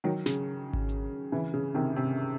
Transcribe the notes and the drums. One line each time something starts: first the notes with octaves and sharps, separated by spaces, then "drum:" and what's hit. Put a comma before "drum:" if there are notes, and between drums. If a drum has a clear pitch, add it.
D#3 F#3
C#3, drum: snare
drum: kick G#1
drum: hi-hat
C#3 E3
C#3
C3 D#3
C3